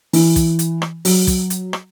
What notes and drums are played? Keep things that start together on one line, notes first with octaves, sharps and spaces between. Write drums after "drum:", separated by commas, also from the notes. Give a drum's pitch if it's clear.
E3, drum: open hi-hat
drum: kick, hi-hat
drum: hi-hat
drum: rim click
F#3, drum: open hi-hat
drum: kick, hi-hat
drum: hi-hat
drum: rim click